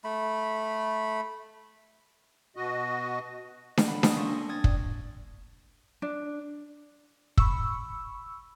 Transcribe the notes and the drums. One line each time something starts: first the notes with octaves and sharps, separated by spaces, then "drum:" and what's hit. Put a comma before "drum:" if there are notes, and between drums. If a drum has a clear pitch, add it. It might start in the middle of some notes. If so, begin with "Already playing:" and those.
A3 B5
B2 F#4 D#5
drum: snare D4
F#5 B5
A5 D#6, drum: snare D4
A#3 C#4 C6 C#6
D4 A#6
C4 D#6 G#6 A6
D5, drum: kick
D4
B5 C#6 E6, drum: kick